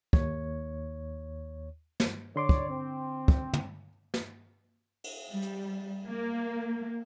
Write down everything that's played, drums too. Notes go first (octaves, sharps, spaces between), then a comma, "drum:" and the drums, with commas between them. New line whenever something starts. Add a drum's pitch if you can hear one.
D#2 C#5, drum: kick
drum: snare
D3 C#5 D5 C6 D6
drum: kick
C4
drum: kick
drum: tom
drum: snare
drum: cymbal
G3
drum: hi-hat
A#3